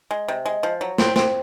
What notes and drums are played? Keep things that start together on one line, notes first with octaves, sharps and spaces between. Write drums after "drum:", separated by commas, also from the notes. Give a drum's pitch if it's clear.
G#3
C3
G#3
F3
F#3
C4, drum: snare
C4, drum: snare